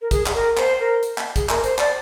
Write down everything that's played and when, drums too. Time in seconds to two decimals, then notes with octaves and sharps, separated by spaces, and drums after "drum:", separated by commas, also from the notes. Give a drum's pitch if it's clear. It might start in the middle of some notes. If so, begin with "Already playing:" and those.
0.01 A#4
0.11 G#4, drum: kick, hi-hat
0.26 G#4, drum: clap
0.34 A#4
0.57 C5, drum: clap
0.80 A#4
1.03 drum: hi-hat
1.18 drum: clap
1.36 G#4, drum: kick, hi-hat
1.49 A#4, drum: clap
1.64 C5, drum: hi-hat
1.78 D5, drum: clap